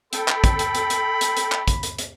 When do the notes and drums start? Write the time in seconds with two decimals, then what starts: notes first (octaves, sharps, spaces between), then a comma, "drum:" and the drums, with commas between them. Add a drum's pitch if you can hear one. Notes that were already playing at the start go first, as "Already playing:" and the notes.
0.13 A4 G5 B5, drum: hi-hat
0.28 drum: clap
0.44 drum: kick, hi-hat
0.59 drum: hi-hat
0.75 drum: hi-hat
0.90 drum: hi-hat
1.21 drum: hi-hat
1.37 drum: hi-hat
1.52 drum: clap
1.68 drum: kick, hi-hat
1.83 drum: hi-hat
1.99 drum: hi-hat